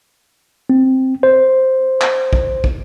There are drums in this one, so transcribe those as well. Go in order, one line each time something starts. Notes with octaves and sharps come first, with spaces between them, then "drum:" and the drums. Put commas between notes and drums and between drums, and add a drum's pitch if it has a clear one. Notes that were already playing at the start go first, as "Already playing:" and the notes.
C4
C5
drum: clap
drum: kick
drum: kick